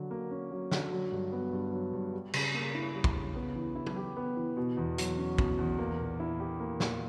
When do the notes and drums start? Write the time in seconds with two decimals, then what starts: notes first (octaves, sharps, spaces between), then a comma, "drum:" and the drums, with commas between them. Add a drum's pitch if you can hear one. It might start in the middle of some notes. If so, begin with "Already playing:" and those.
Already playing: D3 F#3
0.11 A#3
0.31 C#4
0.51 F#3
0.71 D3, drum: snare
0.92 F#3
1.12 G2
1.32 B3
1.53 G2
1.73 F#3
1.93 G2
2.13 G3
2.34 C#3, drum: cymbal
2.54 A#3
2.75 E4
2.95 G3
3.04 drum: kick
3.16 C#3
3.35 B3
3.56 E3
3.75 E4
3.86 drum: tom
3.96 G4
4.17 B3
4.37 E3
4.57 B2
4.77 E2
4.98 F#3, drum: hi-hat
5.18 C#4
5.38 B2, drum: kick
5.59 E2
5.78 A#3
5.99 A#2
6.20 E4
6.40 G4
6.60 A#3
6.80 A#2, drum: snare